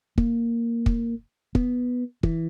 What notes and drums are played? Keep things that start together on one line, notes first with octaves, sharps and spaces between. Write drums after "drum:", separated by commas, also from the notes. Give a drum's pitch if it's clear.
A#3, drum: kick
drum: kick
B3, drum: kick
E3, drum: kick